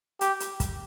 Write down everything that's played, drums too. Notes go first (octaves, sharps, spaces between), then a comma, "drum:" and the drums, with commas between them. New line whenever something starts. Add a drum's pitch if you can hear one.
G4, drum: hi-hat
drum: hi-hat
drum: kick, hi-hat